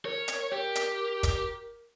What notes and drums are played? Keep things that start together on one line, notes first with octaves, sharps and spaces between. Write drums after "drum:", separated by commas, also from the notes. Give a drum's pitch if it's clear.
A#4 C#5
drum: hi-hat
G4
drum: hi-hat
drum: kick, hi-hat